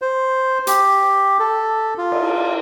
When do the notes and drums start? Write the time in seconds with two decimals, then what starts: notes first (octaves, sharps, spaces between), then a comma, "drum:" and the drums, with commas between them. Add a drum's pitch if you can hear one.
0.02 C5
0.67 G4, drum: hi-hat
1.39 A4
1.98 F4
2.12 drum: cymbal